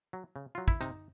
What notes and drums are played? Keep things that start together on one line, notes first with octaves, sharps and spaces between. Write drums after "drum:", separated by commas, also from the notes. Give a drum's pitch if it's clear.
F#3
C#3
F#3 F4
E4, drum: kick
C3 D#4, drum: hi-hat